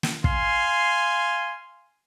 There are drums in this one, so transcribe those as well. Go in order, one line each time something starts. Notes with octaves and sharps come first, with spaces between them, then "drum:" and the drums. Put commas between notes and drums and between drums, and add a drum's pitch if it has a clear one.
drum: snare
F5 G#5 C6, drum: kick